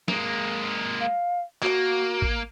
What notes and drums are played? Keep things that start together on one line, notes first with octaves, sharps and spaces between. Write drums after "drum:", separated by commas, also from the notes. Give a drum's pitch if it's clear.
G#3 A#3, drum: snare
F5
A#3 F#4, drum: clap
drum: kick